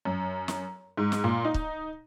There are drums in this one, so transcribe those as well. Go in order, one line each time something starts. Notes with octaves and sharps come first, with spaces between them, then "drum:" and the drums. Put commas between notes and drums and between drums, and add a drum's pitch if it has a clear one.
F#2
drum: snare
G#2
drum: snare
A#2
D#4
drum: kick C#1